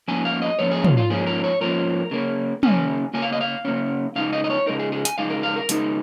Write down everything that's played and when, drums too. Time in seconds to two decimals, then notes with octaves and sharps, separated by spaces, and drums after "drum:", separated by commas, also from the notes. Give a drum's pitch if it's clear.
0.08 G#2 F3 A#3 C#4 G#5
0.25 F5
0.42 D#5
0.59 G#2 F3 A#3 C#4 C#5
0.71 G#4
0.84 F4, drum: tom
0.97 F4
1.10 G#2 F3 A#3 C#4 G#4
1.27 A#4
1.44 C#5
1.61 G#2 F3 A#3 C#4 A#4
2.11 C#3 A#3 C#4
2.63 C#3 A#3 C#4 G#5, drum: tom
3.14 C#3 A#3 C#4 G#5
3.22 F5
3.32 D#5
3.41 F5
3.65 C#3 A#3 C#4
4.16 C#3 G#3 D#4 F5
4.33 D#5
4.44 D#5
4.50 C#5
4.66 C#3 G#3 D#4 A#4
4.79 G#4
4.92 G#4
5.05 G#5, drum: hi-hat
5.18 C#3 G#3 D#4 F5
5.30 A#4
5.43 F5
5.56 A#4
5.69 C#3 G#3 D#4, drum: hi-hat